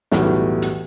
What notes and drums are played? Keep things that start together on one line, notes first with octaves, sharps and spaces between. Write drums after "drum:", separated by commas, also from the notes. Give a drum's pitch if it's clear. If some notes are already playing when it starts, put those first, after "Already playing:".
B1 E2 A2 G3 F#4, drum: snare
drum: hi-hat